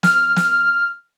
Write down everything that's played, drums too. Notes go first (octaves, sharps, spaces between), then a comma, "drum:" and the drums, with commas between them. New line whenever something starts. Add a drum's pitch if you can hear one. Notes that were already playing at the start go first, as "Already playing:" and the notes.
F6, drum: snare
drum: snare